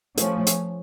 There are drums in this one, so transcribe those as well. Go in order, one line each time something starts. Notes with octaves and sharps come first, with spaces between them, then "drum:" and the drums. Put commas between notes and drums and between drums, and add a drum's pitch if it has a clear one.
F3 A3 C#4, drum: hi-hat
drum: hi-hat